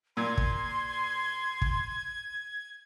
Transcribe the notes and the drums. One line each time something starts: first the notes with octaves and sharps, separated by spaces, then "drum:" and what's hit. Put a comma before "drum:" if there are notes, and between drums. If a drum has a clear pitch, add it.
A#2 C6 G#6
drum: kick
drum: kick